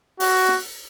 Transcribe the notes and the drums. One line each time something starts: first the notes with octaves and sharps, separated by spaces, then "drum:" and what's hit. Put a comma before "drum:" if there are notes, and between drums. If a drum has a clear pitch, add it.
F#4, drum: open hi-hat
drum: snare